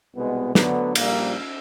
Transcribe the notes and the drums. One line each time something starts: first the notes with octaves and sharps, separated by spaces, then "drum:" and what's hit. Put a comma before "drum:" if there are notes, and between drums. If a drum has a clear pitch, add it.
C2 B2 G#3 B3
D2 D3 F#3 B3, drum: snare
A#1 A#2 G3 A#3, drum: cymbal